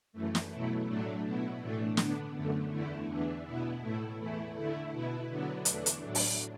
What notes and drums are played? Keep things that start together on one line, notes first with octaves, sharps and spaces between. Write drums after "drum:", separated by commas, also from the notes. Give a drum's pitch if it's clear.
F#2 E3 A3
drum: snare
B2 F#3 A3 E4
A2 F#3 A3 D4
B2 B3 E4
A2 E3 A3 D4
D3 B3 D4, drum: snare
F#2 D3 A3
E2 D3 A3 E4
E2 E3 D4
B2 B3 E4
A2 A3 E4
E2 E3 A3 E4
D3 A3 E4
B2 B3 E4
D3 F#3 B3 D4
E2 E3 A3 D4, drum: hi-hat
drum: hi-hat
A2 F#3 D4
drum: open hi-hat